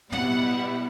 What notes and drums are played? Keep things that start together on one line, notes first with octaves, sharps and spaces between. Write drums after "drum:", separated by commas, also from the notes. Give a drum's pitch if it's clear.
B2 G3 B3 E4 F#5, drum: tom